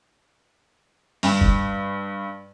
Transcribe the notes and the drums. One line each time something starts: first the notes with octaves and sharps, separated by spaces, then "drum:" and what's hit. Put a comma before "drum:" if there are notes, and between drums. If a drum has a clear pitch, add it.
G2, drum: open hi-hat
drum: kick